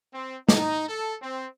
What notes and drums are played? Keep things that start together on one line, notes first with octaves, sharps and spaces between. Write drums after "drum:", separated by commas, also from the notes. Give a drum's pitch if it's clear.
C4
D#4, drum: snare
A4
C4